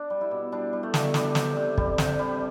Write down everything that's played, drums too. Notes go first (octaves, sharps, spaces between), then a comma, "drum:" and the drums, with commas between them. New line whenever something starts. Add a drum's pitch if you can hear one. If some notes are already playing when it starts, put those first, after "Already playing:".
Already playing: D4
G3
E4
B2
G3 D4
G3
A3
B2, drum: snare
G3 D4, drum: snare
C3, drum: snare
C3
G3, drum: kick
C3, drum: snare
G3